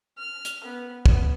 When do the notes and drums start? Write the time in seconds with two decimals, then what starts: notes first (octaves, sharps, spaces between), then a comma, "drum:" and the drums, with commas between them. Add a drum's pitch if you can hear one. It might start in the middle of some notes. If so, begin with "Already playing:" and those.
0.18 F6
0.45 drum: hi-hat
0.64 B3
1.06 B3, drum: kick